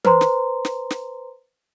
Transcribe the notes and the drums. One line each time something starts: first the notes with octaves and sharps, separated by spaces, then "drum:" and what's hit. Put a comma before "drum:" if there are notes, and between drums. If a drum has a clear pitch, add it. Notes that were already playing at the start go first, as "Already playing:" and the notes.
B4 C5 A#5 C6, drum: tom E3
drum: snare
drum: snare
drum: snare